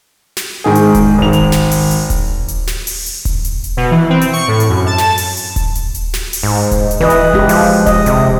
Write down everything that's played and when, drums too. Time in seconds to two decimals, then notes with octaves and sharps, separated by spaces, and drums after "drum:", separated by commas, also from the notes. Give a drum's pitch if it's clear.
0.37 drum: snare
0.64 G#2 D#3 G#4
0.75 drum: hi-hat
0.95 drum: kick D#1, hi-hat
1.18 G#1 F7
1.33 drum: hi-hat
1.52 drum: snare
1.71 drum: open hi-hat
1.91 drum: hi-hat
2.10 drum: kick D#1, hi-hat
2.48 drum: hi-hat
2.68 drum: snare
2.87 drum: open hi-hat
3.06 drum: hi-hat
3.25 drum: kick D#1, hi-hat
3.45 drum: hi-hat
3.64 drum: hi-hat
3.77 B2
3.91 E3
4.10 C4
4.21 drum: hi-hat
4.33 C#6
4.48 A2
4.60 drum: hi-hat
4.69 F#2
4.86 A5
4.98 drum: snare
5.18 drum: open hi-hat
5.37 drum: hi-hat
5.56 drum: kick D#1, hi-hat
5.75 drum: hi-hat
5.95 drum: hi-hat
6.14 drum: snare
6.33 drum: open hi-hat
6.43 G#2
6.71 drum: kick D#1, hi-hat
6.91 drum: hi-hat
7.01 E3 B4 D#5
7.10 drum: hi-hat
7.33 F#1 G#3 G4
7.49 F3, drum: open hi-hat
7.86 D#5, drum: kick D#1, hi-hat
8.06 C3, drum: hi-hat